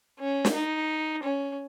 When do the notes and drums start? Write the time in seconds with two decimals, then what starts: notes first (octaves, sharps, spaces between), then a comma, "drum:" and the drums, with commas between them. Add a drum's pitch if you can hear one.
0.20 C#4
0.45 drum: snare
0.54 D#4
1.23 C#4